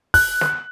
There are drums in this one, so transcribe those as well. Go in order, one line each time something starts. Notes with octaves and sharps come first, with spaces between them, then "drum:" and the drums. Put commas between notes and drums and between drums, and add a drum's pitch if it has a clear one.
F#6, drum: kick, open hi-hat
drum: snare